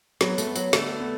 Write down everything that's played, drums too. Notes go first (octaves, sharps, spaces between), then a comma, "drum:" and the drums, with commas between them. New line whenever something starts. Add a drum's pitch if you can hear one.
F#3 B3, drum: snare
A3, drum: tambourine
B3
F#3, drum: tambourine
D3 A3, drum: snare
B3